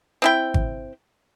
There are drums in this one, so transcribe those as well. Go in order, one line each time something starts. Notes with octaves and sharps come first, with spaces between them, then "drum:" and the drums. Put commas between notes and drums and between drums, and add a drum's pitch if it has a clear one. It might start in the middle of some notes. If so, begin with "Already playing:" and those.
C4 E4 G5
drum: kick G#1